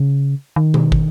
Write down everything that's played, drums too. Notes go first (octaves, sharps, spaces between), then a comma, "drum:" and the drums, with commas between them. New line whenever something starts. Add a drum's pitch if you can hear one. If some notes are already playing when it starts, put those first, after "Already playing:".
Already playing: C#3
D#3
drum: tom B2
drum: kick